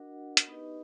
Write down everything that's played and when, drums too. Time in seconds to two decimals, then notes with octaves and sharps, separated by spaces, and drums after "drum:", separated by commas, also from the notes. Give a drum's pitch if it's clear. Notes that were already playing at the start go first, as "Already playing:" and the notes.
Already playing: D4 F#4 A#4 D#5 F#5
0.37 drum: hi-hat
0.48 B3 D#4 G4 B4 D#5